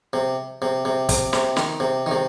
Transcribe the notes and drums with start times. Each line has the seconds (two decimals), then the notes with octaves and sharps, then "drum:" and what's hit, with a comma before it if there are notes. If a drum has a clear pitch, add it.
0.13 C3
0.62 C3
0.85 C3
1.09 C3, drum: kick, hi-hat
1.33 C3, drum: snare
1.57 D#3, drum: snare
1.80 C3
2.06 D#3
2.11 C3